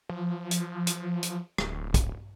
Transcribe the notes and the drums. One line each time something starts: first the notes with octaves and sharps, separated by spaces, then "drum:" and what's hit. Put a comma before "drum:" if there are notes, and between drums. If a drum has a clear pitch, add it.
F3
drum: hi-hat
drum: hi-hat
drum: hi-hat
D1, drum: rim click
drum: kick, hi-hat